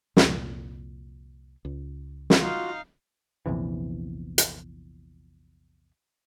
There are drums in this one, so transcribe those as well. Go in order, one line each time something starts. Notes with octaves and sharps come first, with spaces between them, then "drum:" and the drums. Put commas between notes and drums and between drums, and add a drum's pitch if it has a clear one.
C2 F2 A#2, drum: snare
C#2
drum: snare
D#4 F4 F#4 F5
A#1 E2 C3 E3
drum: hi-hat